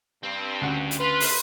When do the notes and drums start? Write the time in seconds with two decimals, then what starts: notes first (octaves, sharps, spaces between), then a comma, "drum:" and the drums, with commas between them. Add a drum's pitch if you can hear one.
0.23 G2 C4
0.61 D2 C#3 F#5
0.91 drum: hi-hat
1.00 F4 B4 F5 C6
1.20 drum: open hi-hat